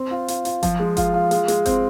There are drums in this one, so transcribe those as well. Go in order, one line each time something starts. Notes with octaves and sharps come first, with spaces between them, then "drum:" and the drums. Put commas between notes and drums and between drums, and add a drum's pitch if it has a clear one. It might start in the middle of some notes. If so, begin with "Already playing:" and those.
Already playing: C4
F4
F4, drum: hi-hat
F4, drum: hi-hat
F3, drum: kick G1, hi-hat
G#3
F4, drum: kick G1, hi-hat
F4
G#3, drum: hi-hat
G#3, drum: hi-hat
C4, drum: kick G1, hi-hat